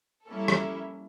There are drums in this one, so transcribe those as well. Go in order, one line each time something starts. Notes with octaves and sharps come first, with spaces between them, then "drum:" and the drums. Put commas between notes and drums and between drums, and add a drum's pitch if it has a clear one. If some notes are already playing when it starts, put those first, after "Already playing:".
G3 A#3 C#4 E4 A4
drum: rim click